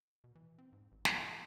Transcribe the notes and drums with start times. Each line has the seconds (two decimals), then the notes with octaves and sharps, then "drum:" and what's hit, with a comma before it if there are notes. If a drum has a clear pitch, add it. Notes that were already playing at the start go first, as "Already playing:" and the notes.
0.24 B2
0.35 E3
0.58 C4
0.73 G#2
0.92 A1
1.05 drum: snare
1.25 D#3